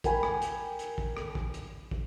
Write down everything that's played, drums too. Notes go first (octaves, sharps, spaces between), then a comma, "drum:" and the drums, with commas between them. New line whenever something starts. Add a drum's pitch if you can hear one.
A#4 G5 G#5 B5, drum: kick, hi-hat
drum: rim click
drum: hi-hat
drum: hi-hat
drum: kick
drum: rim click
drum: kick
drum: hi-hat
drum: kick